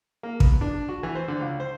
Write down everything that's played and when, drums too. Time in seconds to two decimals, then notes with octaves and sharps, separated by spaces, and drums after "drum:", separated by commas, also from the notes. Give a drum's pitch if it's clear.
0.23 A#3
0.40 B3, drum: kick
0.61 D4
0.89 F#4
1.03 E3
1.15 C5
1.28 D3
1.41 C#2
1.60 C5